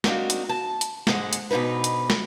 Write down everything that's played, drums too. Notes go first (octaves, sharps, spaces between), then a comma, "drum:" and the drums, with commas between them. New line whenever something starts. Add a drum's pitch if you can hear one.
A#3 C4 D4 D#4 F#4, drum: snare
drum: hi-hat
A5
drum: hi-hat
G#2 D3 G#3 B4 F#5, drum: snare
drum: hi-hat
G#2 B2 D3 D#4 B4
drum: hi-hat
drum: snare